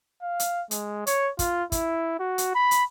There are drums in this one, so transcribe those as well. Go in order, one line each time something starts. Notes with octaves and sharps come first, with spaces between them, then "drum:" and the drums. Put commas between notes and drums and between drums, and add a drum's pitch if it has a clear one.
F5
drum: hi-hat
G#3, drum: hi-hat
C#5, drum: hi-hat
F4, drum: kick, hi-hat
E4, drum: kick, hi-hat
F#4
drum: hi-hat
B5
drum: hi-hat